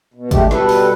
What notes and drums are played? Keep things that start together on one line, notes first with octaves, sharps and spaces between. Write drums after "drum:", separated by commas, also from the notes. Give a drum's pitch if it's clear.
B2
D3 G#3 A3 G4, drum: kick, hi-hat
B2 G3 A4 B4, drum: snare
drum: open hi-hat